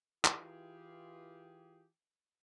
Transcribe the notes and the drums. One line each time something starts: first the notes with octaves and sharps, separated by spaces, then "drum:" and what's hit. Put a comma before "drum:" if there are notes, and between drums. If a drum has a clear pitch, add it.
E3 F4 G4 G#4, drum: clap